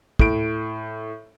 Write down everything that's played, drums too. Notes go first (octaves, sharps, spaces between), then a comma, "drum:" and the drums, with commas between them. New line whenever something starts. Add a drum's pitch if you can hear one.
A2 D7, drum: kick